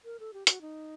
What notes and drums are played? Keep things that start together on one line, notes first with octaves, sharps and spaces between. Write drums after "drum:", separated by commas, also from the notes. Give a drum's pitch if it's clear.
A#4
A4
G4
F#4, drum: hi-hat
D#4